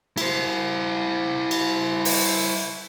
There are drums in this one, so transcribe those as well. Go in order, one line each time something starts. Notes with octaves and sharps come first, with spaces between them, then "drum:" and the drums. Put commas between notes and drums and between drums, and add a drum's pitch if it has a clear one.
E4 C5, drum: cymbal
drum: cymbal
drum: open hi-hat